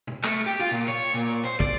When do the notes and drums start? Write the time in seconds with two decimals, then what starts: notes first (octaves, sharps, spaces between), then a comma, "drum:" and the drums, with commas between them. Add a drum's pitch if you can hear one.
0.07 drum: tom B2
0.24 A3, drum: clap
0.46 G4
0.60 F4
0.71 A#2
0.88 C#5
1.14 A#2
1.45 C5
1.60 D5, drum: kick